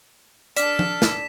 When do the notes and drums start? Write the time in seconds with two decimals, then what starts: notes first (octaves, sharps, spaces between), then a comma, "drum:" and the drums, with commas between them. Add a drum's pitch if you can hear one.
0.57 D4 A4 D5 F6 B6 E7, drum: hi-hat
0.79 drum: tom F3
1.02 drum: snare